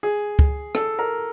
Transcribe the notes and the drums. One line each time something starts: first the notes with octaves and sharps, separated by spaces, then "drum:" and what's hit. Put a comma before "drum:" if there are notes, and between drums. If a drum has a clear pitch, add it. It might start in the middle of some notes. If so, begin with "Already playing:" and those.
G#4
drum: kick C#2
A4, drum: rim click
A#4